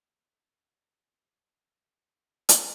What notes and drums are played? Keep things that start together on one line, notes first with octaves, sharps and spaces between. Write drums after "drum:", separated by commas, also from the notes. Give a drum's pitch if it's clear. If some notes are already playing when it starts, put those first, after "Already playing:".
D#2
A3
B3
D4
E6
F#4
drum: hi-hat